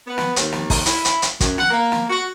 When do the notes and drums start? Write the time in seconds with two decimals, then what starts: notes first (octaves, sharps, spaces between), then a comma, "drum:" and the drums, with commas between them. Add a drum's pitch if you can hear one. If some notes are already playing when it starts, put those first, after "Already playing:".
0.06 B3
0.18 drum: snare
0.36 D#2, drum: hi-hat
0.52 drum: snare
0.70 drum: kick, open hi-hat
0.86 E4, drum: hi-hat
1.05 drum: hi-hat
1.22 drum: hi-hat
1.40 F#2, drum: kick, hi-hat
1.58 F#5, drum: snare
1.71 A#3
1.92 drum: snare
2.09 F#4